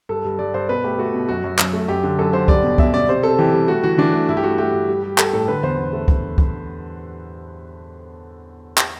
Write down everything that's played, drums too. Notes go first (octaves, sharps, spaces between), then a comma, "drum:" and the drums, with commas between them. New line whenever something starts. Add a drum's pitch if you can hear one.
G2 A4
G2
G2 D5
G2 C5
B2 B4
A3 G4
A3 F#4
B2
F#2 F#4
F#2
F#2, drum: clap
A3
F#2 G4
D3
F#2 A4
D3 C5
G3 D5, drum: kick C#2
B2
B2 E5, drum: kick C#2
B2 D5
C3 C5
C3 A4
E3 G4
G3
A3 F#4
E3 F#4
E3 D4
A3
G2 E4
G4
A3 F#4
A3 G4
G2
G3
G3
G3 A4, drum: clap
A2 A4
D3 B4
E2 C5
E2
A3
drum: kick C#2
drum: kick C#2
drum: clap